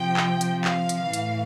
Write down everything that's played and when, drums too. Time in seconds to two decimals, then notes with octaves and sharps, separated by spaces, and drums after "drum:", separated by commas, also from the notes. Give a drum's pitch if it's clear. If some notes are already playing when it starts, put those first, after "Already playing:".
Already playing: C3 F3 G5
0.17 drum: clap
0.41 drum: hi-hat
0.65 F5, drum: clap
0.89 drum: hi-hat
1.13 A2 E3, drum: hi-hat